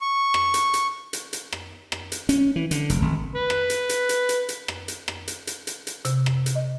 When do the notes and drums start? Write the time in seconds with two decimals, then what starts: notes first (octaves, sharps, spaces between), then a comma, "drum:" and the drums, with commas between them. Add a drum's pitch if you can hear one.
0.01 C#6
0.34 drum: rim click
0.54 drum: hi-hat
0.74 drum: hi-hat
1.13 drum: hi-hat
1.33 drum: hi-hat
1.52 drum: rim click
1.92 drum: rim click
2.12 drum: hi-hat
2.29 C#4, drum: hi-hat
2.56 E3
2.71 D3, drum: hi-hat
2.90 F1, drum: hi-hat
3.02 G#1
3.36 B4
3.50 drum: rim click
3.70 drum: hi-hat
3.89 drum: hi-hat
4.09 drum: hi-hat
4.29 drum: hi-hat
4.49 drum: hi-hat
4.68 drum: rim click
4.88 drum: hi-hat
5.08 drum: rim click
5.28 drum: hi-hat
5.47 drum: hi-hat
5.67 drum: hi-hat
5.87 drum: hi-hat
6.05 C3, drum: hi-hat
6.26 drum: rim click
6.46 drum: hi-hat
6.55 D#5